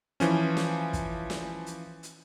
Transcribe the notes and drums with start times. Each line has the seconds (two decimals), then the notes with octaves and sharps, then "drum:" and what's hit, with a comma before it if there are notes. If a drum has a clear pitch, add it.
0.20 E3 F3 C#4, drum: hi-hat
0.57 drum: snare
0.93 drum: kick, hi-hat
1.30 drum: snare
1.66 drum: hi-hat
2.03 drum: hi-hat